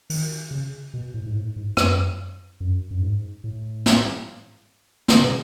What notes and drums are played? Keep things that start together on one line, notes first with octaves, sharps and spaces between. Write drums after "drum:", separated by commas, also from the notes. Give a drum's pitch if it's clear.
D#3, drum: open hi-hat
C#3
B2
A2
G#2
A2
G#2
F#2, drum: rim click
F#2
F#2
G#2
A2
drum: snare
D#3, drum: snare
C#3
B2